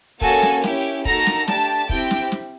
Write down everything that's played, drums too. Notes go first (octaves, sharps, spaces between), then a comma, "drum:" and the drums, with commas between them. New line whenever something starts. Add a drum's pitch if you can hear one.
A#3 C#4 F#4 A4 G#5, drum: kick
drum: snare
C#4 E4 G4, drum: snare
A#3 D#4 F#4 A4 A#5, drum: kick
drum: snare
A3 D4 G4 A5, drum: snare
C4 E4 G4 G5, drum: kick
drum: snare
drum: snare